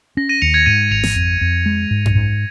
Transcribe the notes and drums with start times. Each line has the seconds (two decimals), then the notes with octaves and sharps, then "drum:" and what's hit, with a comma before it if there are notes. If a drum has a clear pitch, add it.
0.17 C#4 A#6
0.29 A#6 D#7
0.42 D#2 C#7 F7
0.54 G#6 C#7
0.66 G#2 A#6 D#7
0.91 G#1 C#7 F7
1.03 drum: snare
1.16 F2
1.41 F2
1.66 G#3
1.91 G#2
2.06 drum: tom F#2
2.15 G#2